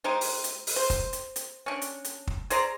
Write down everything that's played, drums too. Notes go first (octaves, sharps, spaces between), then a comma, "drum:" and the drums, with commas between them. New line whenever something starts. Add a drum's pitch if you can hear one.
G#3 D#4 G4 C5
drum: open hi-hat
drum: hi-hat
drum: open hi-hat
C5
drum: kick, hi-hat
drum: hi-hat
drum: hi-hat
C#4 D4
drum: hi-hat
drum: hi-hat
drum: kick
G#4 C5 D5 A#5, drum: hi-hat